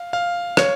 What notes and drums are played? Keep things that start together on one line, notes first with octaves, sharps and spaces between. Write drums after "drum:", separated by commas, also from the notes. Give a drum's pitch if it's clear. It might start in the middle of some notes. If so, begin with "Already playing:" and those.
Already playing: F5
F5
C#5, drum: rim click